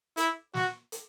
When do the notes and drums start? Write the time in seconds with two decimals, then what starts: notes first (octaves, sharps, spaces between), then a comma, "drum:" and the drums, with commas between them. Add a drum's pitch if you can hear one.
0.17 E4, drum: hi-hat
0.54 F#4, drum: snare
0.92 drum: hi-hat